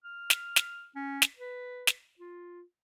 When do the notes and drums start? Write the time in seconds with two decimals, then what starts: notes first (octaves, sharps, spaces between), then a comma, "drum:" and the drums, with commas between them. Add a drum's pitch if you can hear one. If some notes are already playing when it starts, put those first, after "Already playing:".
0.05 F6
0.30 drum: snare
0.56 drum: snare
0.96 C#4
1.22 drum: snare
1.38 B4
1.87 drum: snare
2.19 F4